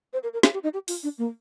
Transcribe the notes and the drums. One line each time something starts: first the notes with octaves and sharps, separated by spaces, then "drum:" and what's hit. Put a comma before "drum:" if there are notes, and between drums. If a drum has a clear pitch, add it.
C5
A#4
A#4
G#4, drum: snare
G4
D#4
G4
F4, drum: open hi-hat
D4
A#3